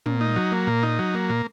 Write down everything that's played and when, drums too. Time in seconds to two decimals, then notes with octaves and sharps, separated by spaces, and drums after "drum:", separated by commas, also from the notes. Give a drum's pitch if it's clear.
0.06 A#2, drum: tom
0.21 D#4
0.36 F#3
0.52 A#3
0.67 A#2
0.83 D#4
0.99 F#3
1.14 A#3
1.30 A#2